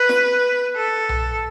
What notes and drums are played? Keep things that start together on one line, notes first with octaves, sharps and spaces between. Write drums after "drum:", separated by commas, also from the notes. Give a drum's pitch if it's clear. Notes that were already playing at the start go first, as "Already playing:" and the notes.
Already playing: B4
drum: snare
A4
drum: tom B1